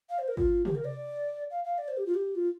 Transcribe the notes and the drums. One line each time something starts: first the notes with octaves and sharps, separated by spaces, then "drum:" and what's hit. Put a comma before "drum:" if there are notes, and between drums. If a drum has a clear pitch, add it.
F5
C5
A#4
F4, drum: kick G1
G4, drum: tom
A#4
D5
F5
F5
D5
C5
G4
F4
G4
F4